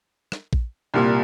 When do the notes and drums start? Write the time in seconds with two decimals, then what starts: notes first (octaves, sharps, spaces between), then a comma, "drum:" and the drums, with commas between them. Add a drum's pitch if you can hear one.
0.32 drum: rim click
0.53 drum: kick A#1
0.94 C2 A#2 G3 A#3